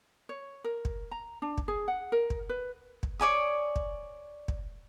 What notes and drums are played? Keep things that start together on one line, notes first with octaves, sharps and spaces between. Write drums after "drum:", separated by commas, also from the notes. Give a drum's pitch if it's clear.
C#5
A#4
drum: kick
A#5
D4
drum: kick
G#4
F#5
A#4
drum: kick
B4
drum: kick
C#5 D5 G#5 D#6
drum: kick
drum: kick